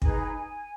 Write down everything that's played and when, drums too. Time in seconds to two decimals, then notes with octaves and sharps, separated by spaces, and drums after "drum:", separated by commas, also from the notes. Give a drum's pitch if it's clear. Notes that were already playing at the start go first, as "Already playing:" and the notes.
0.02 D#4 G#4 B4 G#5, drum: kick
0.11 A#5
0.21 G#5